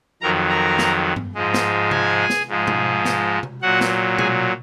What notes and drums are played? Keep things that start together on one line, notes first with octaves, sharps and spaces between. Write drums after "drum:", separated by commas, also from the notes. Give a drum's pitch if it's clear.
F2 D#3 F#3 A#4 A#5
A#4 A#5
drum: snare
drum: tom G2
G#2 F3 G#3
drum: snare
G#4 G#5, drum: tom C3
drum: snare
G#2 F3 G#3
drum: tom
drum: snare
drum: tom C3
A#2 F#3 F#4 F#5
drum: snare
G#4 G#5, drum: tom